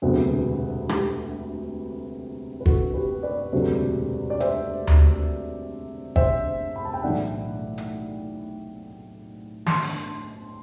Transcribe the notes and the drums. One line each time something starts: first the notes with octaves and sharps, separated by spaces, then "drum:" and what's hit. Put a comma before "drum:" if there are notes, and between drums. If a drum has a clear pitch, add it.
E1 D2 C3 F#3 B3
G4, drum: rim click
B4
F#4 A4, drum: kick
G4 B4
B4 D5
E1 D2 C3 F#3 A3
D5
C5 E5, drum: hi-hat
drum: tom D2
C5 E5, drum: kick
B5
A5
G5
B1 A2 E3 D5 F#5
drum: hi-hat
A5 C6, drum: snare
drum: open hi-hat